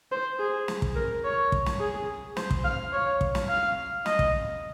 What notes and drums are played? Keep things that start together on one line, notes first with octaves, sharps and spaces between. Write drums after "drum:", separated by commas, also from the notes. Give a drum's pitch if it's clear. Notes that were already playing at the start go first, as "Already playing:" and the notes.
C5
G#4
drum: snare
drum: kick
A#4
C#5
drum: kick
drum: snare
G#4
C5, drum: snare
drum: kick
F5
C#5
drum: kick
drum: snare
F5
D#5, drum: snare
drum: kick